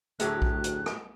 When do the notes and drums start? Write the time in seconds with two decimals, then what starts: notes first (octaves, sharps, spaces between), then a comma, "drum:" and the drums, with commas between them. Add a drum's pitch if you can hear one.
0.20 D2 A2 F#3 A3 G4 G#4 F#6, drum: hi-hat
0.42 drum: kick A#1
0.64 drum: hi-hat
0.86 drum: rim click